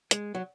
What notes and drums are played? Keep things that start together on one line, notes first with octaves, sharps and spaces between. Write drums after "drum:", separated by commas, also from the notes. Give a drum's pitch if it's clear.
G#3, drum: hi-hat
F#3